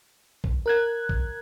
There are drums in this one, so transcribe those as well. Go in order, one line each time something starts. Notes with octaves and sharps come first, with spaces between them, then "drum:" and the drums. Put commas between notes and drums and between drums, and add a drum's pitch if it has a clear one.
drum: kick
A#4 F#6 G#6
drum: kick